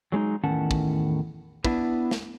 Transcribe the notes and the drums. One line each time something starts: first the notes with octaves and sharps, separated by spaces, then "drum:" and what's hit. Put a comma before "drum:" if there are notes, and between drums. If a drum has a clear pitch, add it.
F#3 G#3 B3 D#4
E2 A2 D#3 C#4 F#5 A5
drum: kick
B3 D4 E4 B4, drum: kick
drum: snare